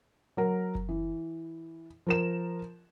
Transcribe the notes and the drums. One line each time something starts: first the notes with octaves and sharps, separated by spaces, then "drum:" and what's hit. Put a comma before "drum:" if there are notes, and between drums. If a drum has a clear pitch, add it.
F#3 A#4
drum: kick F#1
E3
F3 A#4 E7